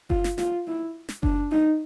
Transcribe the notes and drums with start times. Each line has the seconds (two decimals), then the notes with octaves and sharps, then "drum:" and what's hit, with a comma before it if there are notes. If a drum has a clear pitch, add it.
0.10 F4, drum: kick F#1
0.24 drum: snare
0.38 F4, drum: snare
0.66 E4
1.09 drum: snare
1.23 D4, drum: kick F#1
1.51 D#4